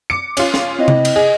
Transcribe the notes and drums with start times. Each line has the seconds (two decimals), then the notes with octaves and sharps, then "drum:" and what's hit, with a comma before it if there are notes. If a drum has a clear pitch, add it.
0.10 D6 C#7
0.37 C#4 F4, drum: cymbal
0.54 drum: snare
0.78 C4 E4 D#5
0.88 drum: tom C3
1.05 drum: cymbal
1.16 G#4 D#5